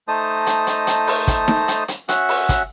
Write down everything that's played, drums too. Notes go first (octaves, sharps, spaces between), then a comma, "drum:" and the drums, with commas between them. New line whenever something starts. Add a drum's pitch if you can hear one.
A3 D#4 C5 D#5 A5 D#6
drum: hi-hat
drum: hi-hat
drum: hi-hat
drum: open hi-hat
drum: kick, hi-hat
drum: snare D#4
drum: hi-hat
drum: hi-hat
C#4 F#4 E5 F#5, drum: hi-hat
drum: open hi-hat
drum: kick, hi-hat